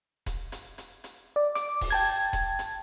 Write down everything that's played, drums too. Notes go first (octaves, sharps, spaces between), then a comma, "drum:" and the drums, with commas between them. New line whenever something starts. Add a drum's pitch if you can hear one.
drum: kick D#1, hi-hat
drum: hi-hat
drum: hi-hat
drum: hi-hat
D5
D6, drum: hi-hat
drum: kick D#1, open hi-hat
G5 A5 G#6
drum: kick D#1, hi-hat
drum: hi-hat